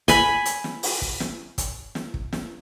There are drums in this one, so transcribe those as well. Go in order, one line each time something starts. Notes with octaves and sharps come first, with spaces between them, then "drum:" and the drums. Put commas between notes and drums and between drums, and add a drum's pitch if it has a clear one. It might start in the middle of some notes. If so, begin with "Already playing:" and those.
G#5 B5, drum: kick, hi-hat
drum: hi-hat
drum: snare
drum: open hi-hat
drum: kick
drum: snare
drum: kick, hi-hat
drum: snare
drum: kick
drum: snare